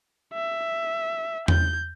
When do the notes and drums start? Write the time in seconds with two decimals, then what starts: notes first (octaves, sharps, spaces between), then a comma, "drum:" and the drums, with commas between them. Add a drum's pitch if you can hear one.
0.34 E5
1.48 G6, drum: tom E2